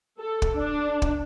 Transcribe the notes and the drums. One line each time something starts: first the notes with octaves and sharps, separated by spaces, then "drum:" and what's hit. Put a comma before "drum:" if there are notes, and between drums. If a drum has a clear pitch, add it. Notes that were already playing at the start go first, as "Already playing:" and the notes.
A4
drum: kick
D4
drum: kick